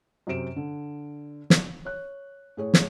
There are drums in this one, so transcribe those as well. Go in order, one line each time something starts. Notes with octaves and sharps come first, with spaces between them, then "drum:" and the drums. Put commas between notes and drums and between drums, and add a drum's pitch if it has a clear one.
F#2 C3 F#4 C5 D7 E7
D3
drum: snare
C#5 F#6
A2 G#4 C#5
drum: snare